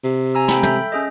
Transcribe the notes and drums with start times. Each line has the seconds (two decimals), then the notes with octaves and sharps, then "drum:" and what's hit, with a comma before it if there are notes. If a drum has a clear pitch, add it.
0.04 C3
0.35 G#5 A#5 E6
0.48 G5 B5, drum: snare
0.63 A4 E5 G6, drum: tom
0.92 C#4 G#4 D#5